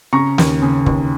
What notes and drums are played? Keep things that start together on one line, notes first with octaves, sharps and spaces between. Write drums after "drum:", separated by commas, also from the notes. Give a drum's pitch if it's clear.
C#3 A#5 C#6
D#2, drum: snare
C#3
D#2, drum: kick